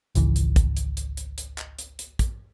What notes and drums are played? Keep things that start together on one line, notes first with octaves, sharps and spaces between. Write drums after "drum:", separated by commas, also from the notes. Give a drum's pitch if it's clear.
G#1 C#2 E3, drum: hi-hat
drum: hi-hat
drum: kick, hi-hat
drum: hi-hat
drum: hi-hat
drum: hi-hat
drum: hi-hat
drum: clap
drum: hi-hat
drum: hi-hat
drum: kick, hi-hat